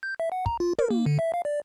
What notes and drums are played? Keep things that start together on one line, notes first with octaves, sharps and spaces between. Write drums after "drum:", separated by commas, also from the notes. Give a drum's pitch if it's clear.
G6
E5
F#5
A#5, drum: kick
F4
A#4, drum: tom
A#3
D3
E5
F5
D5